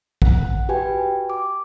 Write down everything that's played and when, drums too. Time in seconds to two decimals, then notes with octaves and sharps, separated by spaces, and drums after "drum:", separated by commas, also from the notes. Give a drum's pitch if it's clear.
0.22 F#5, drum: kick
0.69 F#4 G4 B4 G5 G#5
1.30 D6